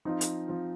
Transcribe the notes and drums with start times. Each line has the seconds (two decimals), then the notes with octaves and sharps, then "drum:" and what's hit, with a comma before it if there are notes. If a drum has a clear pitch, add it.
0.05 F3 C4 D#4 F4
0.21 drum: hi-hat
0.48 F3 C4 F4